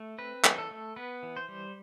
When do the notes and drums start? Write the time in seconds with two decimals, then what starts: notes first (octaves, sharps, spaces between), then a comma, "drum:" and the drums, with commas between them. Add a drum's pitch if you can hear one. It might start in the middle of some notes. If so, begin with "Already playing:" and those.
Already playing: A3
0.18 C4 B4
0.44 E3, drum: clap
0.58 A4
0.71 A3
0.96 B3 B4
1.23 E3
1.36 C5
1.48 G3